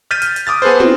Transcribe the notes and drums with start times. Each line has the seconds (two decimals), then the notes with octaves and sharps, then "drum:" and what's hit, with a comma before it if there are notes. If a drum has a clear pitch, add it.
0.11 F6 G6 A6 B6 D#7
0.22 D#7, drum: hi-hat
0.36 drum: hi-hat
0.47 D6 D#6 F6 A6
0.62 B3 G#4 A4 B4 C5
0.80 C4, drum: tom